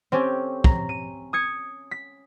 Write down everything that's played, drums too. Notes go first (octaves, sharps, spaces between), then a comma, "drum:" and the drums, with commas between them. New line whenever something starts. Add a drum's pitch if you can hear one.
C4 C#4 G4 A4
A#5, drum: kick
D#7
D#6 G#6 C#7
B6